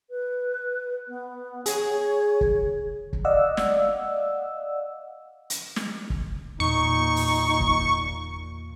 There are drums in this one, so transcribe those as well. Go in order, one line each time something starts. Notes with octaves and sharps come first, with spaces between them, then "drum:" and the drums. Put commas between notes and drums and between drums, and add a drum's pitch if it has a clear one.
B4
B3
G#4 C#5, drum: hi-hat
drum: kick
drum: kick
D5 D#5 F5 F#5 E6
drum: snare
drum: hi-hat
drum: snare
drum: kick
E2 A#2 D#4 C#6
drum: open hi-hat
drum: kick